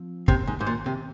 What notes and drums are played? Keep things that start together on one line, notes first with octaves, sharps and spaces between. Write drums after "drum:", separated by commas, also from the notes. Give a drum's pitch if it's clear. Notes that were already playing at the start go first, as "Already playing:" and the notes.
Already playing: F3 C4
C3 D#3 A#3 C#4, drum: kick
G#2
G#2
A#2
C3